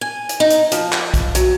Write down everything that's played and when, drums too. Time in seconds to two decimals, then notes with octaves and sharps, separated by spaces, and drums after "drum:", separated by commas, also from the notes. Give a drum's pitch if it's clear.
0.01 G#5
0.29 drum: hi-hat
0.40 D#4
0.50 drum: hi-hat
0.72 F3, drum: hi-hat
0.93 drum: clap
1.14 drum: kick, hi-hat
1.35 F#3, drum: hi-hat